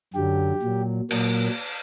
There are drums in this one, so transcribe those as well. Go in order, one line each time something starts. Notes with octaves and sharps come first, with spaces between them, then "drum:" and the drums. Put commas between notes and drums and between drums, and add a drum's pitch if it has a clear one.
F#2 D3 F#3 G4
A#2 F#3
A#2 F#3 A#3, drum: cymbal